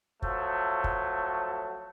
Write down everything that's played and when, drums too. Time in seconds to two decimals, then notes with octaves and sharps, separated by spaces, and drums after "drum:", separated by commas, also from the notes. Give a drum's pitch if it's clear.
0.22 F3 F#3 A3, drum: kick
0.84 drum: kick